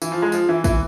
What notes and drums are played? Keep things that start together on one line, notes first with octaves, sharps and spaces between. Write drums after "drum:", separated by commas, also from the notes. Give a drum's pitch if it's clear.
E3, drum: tambourine
F3
G#3
F3, drum: tambourine
E3
E3, drum: kick, tambourine